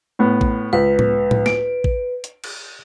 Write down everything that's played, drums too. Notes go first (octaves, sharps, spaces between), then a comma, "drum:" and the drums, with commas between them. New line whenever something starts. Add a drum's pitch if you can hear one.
A2 B3
drum: kick A1
C#2 B4
drum: tom A2
drum: tom A2
D7, drum: snare
drum: kick A1
drum: hi-hat
drum: cymbal